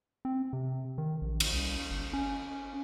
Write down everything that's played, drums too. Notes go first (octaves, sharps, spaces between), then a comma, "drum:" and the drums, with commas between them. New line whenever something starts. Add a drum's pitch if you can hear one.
C4
C3
D#3
A#1
drum: cymbal
C2
G1
C#4